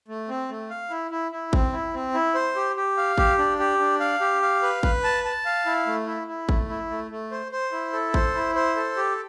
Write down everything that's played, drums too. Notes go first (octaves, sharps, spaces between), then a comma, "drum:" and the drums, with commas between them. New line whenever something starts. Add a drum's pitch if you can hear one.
A3
C4
A3
F5
E4
E4
E4
C4, drum: kick G#1
E4
C4
E4
C5
G4
G4
F5
G4, drum: kick G#1
D4
G4
D4
F5
G4
F5
B4
B4, drum: kick G#1
A5
A5
F5
E4
A3
E4
E4
A3, drum: kick G#1
E4
A3
A3
C5
C5
E4
A4
C5, drum: kick G#1
E4
C5
A4
G4